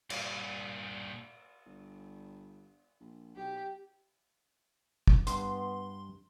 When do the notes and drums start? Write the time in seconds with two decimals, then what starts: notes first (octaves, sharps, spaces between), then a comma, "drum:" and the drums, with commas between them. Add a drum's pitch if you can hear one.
0.10 G2 A#2, drum: cymbal
1.66 G1
3.01 A#1
3.36 B1 G4
5.07 drum: kick
5.27 G2 B3 C6, drum: hi-hat